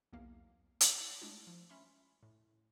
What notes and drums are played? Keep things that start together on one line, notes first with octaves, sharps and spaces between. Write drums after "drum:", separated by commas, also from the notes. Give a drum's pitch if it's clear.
B1 E2 A#3 F5
E5, drum: hi-hat
G#3 A3 D4 E4 F4
F3
C#4 E5 B5 C6
A2